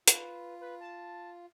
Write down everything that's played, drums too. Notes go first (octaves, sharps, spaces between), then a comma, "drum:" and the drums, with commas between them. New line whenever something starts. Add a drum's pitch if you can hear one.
F4 B4, drum: hi-hat
B4
A5